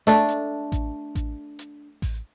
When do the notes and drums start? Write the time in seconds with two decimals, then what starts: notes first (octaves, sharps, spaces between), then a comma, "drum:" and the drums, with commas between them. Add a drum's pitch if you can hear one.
0.07 A3 D4
0.29 drum: hi-hat
0.72 drum: kick A1, hi-hat
1.15 drum: kick A1, hi-hat
1.59 drum: hi-hat
2.02 drum: kick A1, open hi-hat